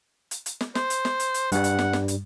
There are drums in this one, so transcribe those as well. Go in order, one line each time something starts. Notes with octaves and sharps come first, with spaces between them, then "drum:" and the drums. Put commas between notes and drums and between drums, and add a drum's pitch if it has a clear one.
drum: hi-hat
drum: hi-hat
drum: snare
C5, drum: snare
drum: hi-hat
drum: snare
drum: hi-hat
drum: hi-hat
G2 G3 F#5, drum: hi-hat
drum: hi-hat
drum: snare
drum: snare
drum: hi-hat